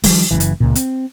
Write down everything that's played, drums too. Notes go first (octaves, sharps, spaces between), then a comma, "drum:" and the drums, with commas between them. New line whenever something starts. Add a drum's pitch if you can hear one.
D#3 F3 G3 A3, drum: kick, open hi-hat
F#1 C2 E3
drum: hi-hat
C#2 A#2
C4, drum: hi-hat